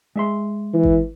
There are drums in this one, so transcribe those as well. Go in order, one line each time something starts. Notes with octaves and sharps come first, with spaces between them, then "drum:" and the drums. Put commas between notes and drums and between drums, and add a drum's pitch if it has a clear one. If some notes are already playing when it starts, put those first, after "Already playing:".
G#3 E5 C6
E3
drum: kick G#1